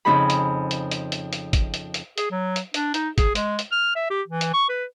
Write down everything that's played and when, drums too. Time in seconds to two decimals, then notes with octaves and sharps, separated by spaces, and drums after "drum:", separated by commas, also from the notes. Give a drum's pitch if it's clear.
0.05 F2 C#3 C4 D#4 G#4 B5
0.30 drum: hi-hat
0.71 drum: hi-hat
0.91 drum: hi-hat
1.12 drum: hi-hat
1.33 drum: hi-hat
1.53 drum: kick, hi-hat
1.74 drum: hi-hat
1.94 drum: hi-hat
2.18 G#4, drum: hi-hat
2.31 F#3
2.56 drum: hi-hat
2.74 D4, drum: hi-hat
2.94 D#4, drum: hi-hat
3.18 G#4, drum: kick, hi-hat
3.35 G#3, drum: hi-hat
3.59 drum: hi-hat
3.72 F6
3.96 E5
4.10 G4
4.28 E3
4.41 drum: hi-hat
4.54 C#6
4.69 B4